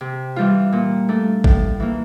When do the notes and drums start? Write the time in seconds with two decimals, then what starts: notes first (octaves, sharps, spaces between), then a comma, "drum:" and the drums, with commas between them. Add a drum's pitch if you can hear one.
0.01 C3
0.36 E3 G3 D4 F4
0.72 A#2
1.09 A3 D4
1.44 A2, drum: kick
1.80 E3 A#3